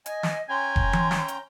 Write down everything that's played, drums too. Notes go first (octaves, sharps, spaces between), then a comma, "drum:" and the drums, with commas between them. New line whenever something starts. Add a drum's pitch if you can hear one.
D#5 G#5, drum: hi-hat
drum: snare
C#4 G5 G#5 A#5 C6
drum: kick F1
drum: tom E3
drum: snare
drum: hi-hat